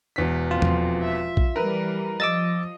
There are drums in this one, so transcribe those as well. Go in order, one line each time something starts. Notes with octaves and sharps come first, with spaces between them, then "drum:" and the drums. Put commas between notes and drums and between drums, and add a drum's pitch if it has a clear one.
E1 E2 B6
F2 C4 F4
drum: tom E2
E5
drum: kick A#1
E3 G3 A#4 B4
F3 D#5 D6 E6 A6